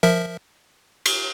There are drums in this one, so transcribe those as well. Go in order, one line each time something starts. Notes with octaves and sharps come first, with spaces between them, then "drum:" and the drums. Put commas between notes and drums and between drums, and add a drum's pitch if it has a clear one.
F3 A#4 E5
drum: cymbal